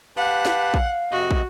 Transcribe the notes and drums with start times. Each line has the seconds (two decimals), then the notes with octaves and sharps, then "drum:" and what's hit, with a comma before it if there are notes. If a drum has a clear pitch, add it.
0.17 G4 B4 F5 F#5 A5
0.45 drum: snare
0.74 drum: kick
1.12 F2 C3 F#4 D#5
1.31 drum: kick